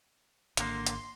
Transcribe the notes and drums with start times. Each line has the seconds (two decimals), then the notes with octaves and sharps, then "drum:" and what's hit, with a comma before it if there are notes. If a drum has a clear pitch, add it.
0.57 G#1 D3 A#3 C6, drum: hi-hat
0.86 drum: hi-hat